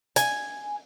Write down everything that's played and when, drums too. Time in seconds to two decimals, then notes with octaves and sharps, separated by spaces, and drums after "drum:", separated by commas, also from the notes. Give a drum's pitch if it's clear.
0.16 G#5, drum: hi-hat